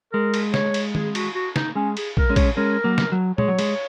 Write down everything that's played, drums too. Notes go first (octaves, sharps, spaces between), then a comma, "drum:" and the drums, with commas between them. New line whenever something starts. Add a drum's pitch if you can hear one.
G#3 A#4
drum: cymbal
C#5, drum: snare
drum: cymbal
G#4, drum: tom D#3
F#4, drum: cymbal
F#4
D#4, drum: snare
G#3 C#4
G#4, drum: cymbal
A#4, drum: kick
G#3 C#4
C#5, drum: kick, cymbal
G#3 C#4 A#4
F#3 A#3
drum: snare
F#3
G#3 C#5, drum: tom
F#3
G#3, drum: cymbal